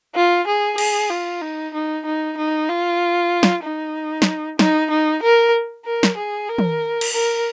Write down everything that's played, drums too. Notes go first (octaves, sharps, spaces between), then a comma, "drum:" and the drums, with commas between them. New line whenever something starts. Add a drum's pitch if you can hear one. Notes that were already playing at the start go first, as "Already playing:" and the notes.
F4
G#4
G#4, drum: cymbal
F4
D#4
D#4
D#4
D#4
F4
drum: snare
D#4
drum: snare
D#4, drum: snare
D#4
A#4
A#4
drum: snare
G#4
A#4
drum: tom
drum: cymbal
A#4